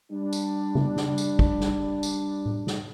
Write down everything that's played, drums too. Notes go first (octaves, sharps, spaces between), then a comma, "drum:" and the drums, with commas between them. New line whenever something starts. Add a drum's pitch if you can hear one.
G3 D4
drum: tambourine
drum: tom C#3
drum: snare
drum: tambourine
drum: kick
drum: snare
drum: tambourine
drum: tom A2
drum: snare